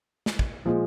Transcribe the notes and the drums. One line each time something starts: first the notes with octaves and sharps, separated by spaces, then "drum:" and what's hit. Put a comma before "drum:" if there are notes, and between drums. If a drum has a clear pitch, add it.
drum: snare
drum: kick
A#2 F3 G#3